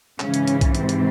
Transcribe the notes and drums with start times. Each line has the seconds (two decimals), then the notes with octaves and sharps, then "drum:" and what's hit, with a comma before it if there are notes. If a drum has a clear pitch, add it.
0.20 G#2 C#3 E3 C#4, drum: clap
0.34 drum: hi-hat
0.48 drum: hi-hat
0.61 drum: kick B1, hi-hat
0.75 C3 C4, drum: hi-hat
0.89 drum: hi-hat